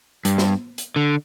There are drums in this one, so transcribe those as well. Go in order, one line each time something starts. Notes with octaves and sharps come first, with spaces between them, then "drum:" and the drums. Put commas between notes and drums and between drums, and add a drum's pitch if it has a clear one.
G2, drum: hi-hat
drum: snare
drum: hi-hat
D3